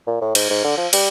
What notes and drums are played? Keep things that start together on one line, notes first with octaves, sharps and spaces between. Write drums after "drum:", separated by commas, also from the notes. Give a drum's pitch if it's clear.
A#2
A2
G#2, drum: cymbal
G#2
D3
F3
G3, drum: cymbal